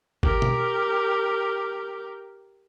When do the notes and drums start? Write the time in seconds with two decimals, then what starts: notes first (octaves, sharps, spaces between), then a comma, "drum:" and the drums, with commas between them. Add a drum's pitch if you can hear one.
0.23 G4 A#4, drum: kick
0.42 drum: tom B2